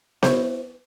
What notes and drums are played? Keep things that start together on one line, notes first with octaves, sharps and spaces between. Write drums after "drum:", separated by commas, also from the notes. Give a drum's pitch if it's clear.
E4 C5 C#5, drum: snare B3